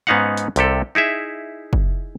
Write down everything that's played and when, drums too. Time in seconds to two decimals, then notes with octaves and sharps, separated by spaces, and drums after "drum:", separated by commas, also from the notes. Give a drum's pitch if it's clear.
0.07 G#2 B3 C#4 D#4 F5 F#5
0.37 drum: hi-hat
0.56 C2 C3 G4 A4, drum: hi-hat
0.95 D#4 E4 G#4 E5
1.73 drum: kick